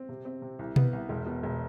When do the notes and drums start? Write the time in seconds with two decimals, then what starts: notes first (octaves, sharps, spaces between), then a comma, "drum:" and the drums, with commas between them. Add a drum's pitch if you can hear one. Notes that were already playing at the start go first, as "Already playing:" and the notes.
Already playing: C4
0.09 C3
0.25 C4
0.42 C3
0.59 C2
0.76 B3, drum: tom B2
0.93 C2
1.09 E1
1.26 B2
1.43 E1